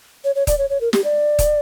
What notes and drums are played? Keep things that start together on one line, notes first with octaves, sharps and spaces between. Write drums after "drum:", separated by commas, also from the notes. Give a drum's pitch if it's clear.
C#5
C#5
D5, drum: kick D#1, hi-hat
C#5
C#5
A#4
G4, drum: snare
D5
drum: kick D#1, hi-hat